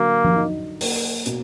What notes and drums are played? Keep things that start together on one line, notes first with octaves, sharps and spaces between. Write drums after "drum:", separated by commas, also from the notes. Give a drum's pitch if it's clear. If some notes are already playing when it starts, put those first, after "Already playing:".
Already playing: D3 F#3 A#3
drum: tom F3
D#4
A#3, drum: open hi-hat
B2, drum: hi-hat